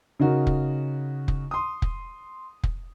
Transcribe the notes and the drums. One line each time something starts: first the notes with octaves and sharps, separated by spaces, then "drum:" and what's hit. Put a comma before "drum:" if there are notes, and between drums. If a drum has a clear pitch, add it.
C#3 D#4 F#4 A#4
drum: kick
drum: kick
C6 D#6
drum: kick
drum: kick